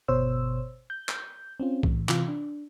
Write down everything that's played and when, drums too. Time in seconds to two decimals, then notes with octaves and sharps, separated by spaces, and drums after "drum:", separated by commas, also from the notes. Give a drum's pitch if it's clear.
0.08 G1 B2 C5 C#5 E6
0.90 G6
1.09 drum: clap
1.60 C4 C#4 F4
1.83 A2 E3, drum: kick B1
2.09 C3 E3 F4, drum: clap
2.28 D4